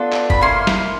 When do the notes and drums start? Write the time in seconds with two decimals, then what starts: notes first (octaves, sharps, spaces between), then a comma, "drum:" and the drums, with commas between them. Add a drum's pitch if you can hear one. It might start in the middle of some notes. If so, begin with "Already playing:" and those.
Already playing: B3 D4 F4 A4
0.13 drum: clap
0.30 B5, drum: kick F#1
0.41 A#3 C#4 E4 C6
0.67 drum: snare